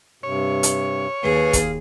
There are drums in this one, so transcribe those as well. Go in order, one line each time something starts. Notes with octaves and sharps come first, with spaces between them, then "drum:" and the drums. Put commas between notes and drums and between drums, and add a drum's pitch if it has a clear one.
G2 C3 C#5
drum: hi-hat
D#2 G#4 B4 F5
drum: kick, hi-hat